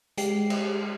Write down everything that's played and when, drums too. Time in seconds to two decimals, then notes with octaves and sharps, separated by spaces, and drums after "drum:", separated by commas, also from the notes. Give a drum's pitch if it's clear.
0.18 G#3 G4 C7, drum: hi-hat
0.50 drum: cymbal